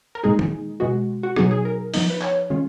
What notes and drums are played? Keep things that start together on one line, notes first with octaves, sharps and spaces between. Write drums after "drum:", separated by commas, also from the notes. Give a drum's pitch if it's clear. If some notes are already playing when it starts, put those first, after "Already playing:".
A#4
A#2 G#3 D#4 G#4
drum: tom
B2 G#3 B3 F#4
F#4
B2 F#3 B3 D#4 G#4, drum: rim click
G#4
A#4
F3 B3 D#4, drum: open hi-hat
B4
C#5, drum: clap
D#3 G#3 C#4 F4